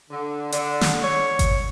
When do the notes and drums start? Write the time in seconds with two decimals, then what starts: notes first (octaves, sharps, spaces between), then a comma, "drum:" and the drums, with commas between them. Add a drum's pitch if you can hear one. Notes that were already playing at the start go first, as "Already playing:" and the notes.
0.10 D3
0.52 D3, drum: hi-hat
0.81 drum: snare
1.02 C#5
1.39 drum: kick G#1, hi-hat